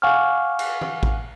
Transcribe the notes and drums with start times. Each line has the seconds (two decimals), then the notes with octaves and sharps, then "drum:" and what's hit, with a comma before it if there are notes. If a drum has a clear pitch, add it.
0.02 F5 F#5 G#5 C#6 D6 F6
0.59 drum: cymbal
0.81 drum: tom E3
1.03 drum: kick A1